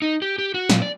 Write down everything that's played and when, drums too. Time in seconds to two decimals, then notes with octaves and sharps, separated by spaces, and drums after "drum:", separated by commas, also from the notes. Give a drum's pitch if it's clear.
0.02 D#4
0.22 G4
0.38 G4
0.54 F#4
0.70 A#2, drum: snare
0.82 D5